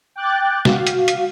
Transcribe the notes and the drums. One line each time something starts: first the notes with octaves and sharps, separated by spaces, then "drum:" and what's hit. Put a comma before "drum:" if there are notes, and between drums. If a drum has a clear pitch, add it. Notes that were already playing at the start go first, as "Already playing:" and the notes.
G5 D6 F#6 G6 A6
F#4 F5, drum: snare
drum: hi-hat
drum: hi-hat